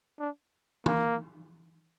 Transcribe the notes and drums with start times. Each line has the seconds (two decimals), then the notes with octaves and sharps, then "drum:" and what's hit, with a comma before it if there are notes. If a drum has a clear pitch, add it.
0.20 D4
0.86 A#3, drum: tom